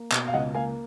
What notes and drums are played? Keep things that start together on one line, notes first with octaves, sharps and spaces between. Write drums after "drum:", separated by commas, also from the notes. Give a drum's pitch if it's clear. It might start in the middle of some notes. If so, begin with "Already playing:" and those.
Already playing: A#3
B2, drum: clap
F5
C#2 D#5 F#5
A#3 F5 G#5